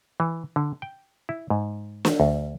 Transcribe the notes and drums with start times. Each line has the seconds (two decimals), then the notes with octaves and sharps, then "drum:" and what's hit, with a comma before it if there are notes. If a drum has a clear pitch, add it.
0.20 E3
0.56 D3
0.82 G5
1.29 E4
1.50 G#2
2.05 drum: snare
2.20 D2